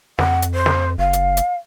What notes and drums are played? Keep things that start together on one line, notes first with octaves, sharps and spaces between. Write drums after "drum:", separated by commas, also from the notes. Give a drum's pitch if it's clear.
F2 F#5, drum: snare
drum: hi-hat
C5
drum: snare
F#1 F5
drum: hi-hat
drum: hi-hat